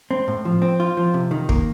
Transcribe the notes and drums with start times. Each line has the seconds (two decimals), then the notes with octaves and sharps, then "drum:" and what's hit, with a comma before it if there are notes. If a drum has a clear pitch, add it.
0.11 C4
0.28 A2
0.45 F3
0.62 C4
0.80 F4
0.97 F3
1.14 C3
1.31 D#3
1.49 A#3, drum: kick